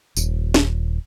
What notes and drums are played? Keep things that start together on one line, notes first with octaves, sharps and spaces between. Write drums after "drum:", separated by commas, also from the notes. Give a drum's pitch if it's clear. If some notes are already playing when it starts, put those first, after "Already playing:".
D#1, drum: tambourine
drum: snare